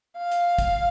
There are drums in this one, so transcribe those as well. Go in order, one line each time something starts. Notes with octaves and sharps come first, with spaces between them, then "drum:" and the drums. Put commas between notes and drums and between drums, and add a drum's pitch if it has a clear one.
F5
drum: hi-hat
drum: kick, hi-hat